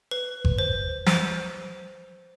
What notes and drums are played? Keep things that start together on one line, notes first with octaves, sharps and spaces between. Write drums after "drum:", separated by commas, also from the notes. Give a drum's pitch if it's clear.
B4
drum: kick G1
C5
C5, drum: snare